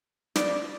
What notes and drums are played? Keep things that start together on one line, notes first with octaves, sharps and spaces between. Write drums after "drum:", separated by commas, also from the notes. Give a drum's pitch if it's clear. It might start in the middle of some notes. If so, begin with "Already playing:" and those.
D5, drum: snare